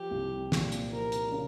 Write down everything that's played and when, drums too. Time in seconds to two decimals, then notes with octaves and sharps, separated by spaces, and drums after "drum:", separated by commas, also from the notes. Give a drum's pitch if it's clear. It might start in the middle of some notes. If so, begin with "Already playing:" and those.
Already playing: F3 G4
0.11 C2
0.52 A#2, drum: snare
0.72 drum: hi-hat
0.92 F3 A#4
1.12 drum: hi-hat
1.32 C#3